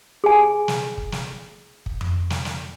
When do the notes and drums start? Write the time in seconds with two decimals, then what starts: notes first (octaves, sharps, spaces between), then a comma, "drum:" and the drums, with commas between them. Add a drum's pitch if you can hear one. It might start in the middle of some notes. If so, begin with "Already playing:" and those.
0.24 G#4 G#5
0.68 drum: snare
0.97 drum: kick
1.12 drum: snare
1.86 drum: kick
2.01 drum: tom F2
2.30 drum: snare
2.45 drum: snare